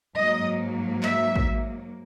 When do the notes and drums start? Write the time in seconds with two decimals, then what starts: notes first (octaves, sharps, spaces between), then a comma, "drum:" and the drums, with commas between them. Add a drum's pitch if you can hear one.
0.16 G#2 F#3 A#3 D#5
1.03 E5, drum: clap
1.36 drum: kick